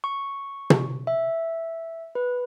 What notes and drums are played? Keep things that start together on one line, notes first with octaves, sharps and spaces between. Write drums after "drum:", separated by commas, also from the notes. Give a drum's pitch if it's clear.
C#6
drum: tom
E5
B4